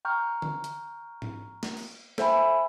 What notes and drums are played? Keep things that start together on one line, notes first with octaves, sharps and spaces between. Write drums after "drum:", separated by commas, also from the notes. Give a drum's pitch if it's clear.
G5 A#5 C#6 F6 G6
drum: tom D3
drum: hi-hat
drum: tom G#2
drum: snare
drum: cymbal
A4 C5 E5 G5 G#5 B5, drum: snare